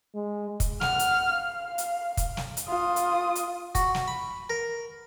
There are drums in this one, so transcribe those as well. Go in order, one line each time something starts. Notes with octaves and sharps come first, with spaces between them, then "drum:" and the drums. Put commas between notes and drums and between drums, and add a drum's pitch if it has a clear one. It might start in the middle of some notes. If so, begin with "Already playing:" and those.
G#3
drum: kick, hi-hat
F#5 F6, drum: snare
drum: hi-hat
F5
drum: hi-hat
drum: kick, hi-hat
drum: snare
drum: hi-hat
F4 D#6
drum: hi-hat
drum: hi-hat
F#4, drum: kick, hi-hat
drum: snare
B5
A#4